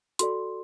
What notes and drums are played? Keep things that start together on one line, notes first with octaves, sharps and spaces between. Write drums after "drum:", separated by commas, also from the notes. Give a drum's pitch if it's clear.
F#4 A4 D5 C6, drum: hi-hat